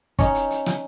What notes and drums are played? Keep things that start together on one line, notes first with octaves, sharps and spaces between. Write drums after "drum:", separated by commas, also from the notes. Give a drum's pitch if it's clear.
C#4 D#4, drum: kick, hi-hat
drum: hi-hat
drum: hi-hat
drum: rim click